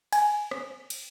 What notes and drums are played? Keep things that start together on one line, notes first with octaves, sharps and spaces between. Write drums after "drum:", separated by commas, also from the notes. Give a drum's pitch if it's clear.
G#5, drum: cymbal
drum: rim click
drum: cymbal